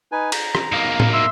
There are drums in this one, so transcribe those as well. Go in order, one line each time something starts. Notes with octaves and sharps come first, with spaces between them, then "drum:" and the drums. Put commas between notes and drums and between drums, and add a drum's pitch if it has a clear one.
D#4 B4 G#5
A#5, drum: cymbal
drum: rim click
B1 A#3
drum: tom A2
E5 C6 E6